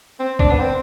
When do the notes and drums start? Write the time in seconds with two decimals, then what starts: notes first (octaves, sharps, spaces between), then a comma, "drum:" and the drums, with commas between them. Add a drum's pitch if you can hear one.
0.19 C4
0.39 D4, drum: kick
0.51 B3
0.59 C4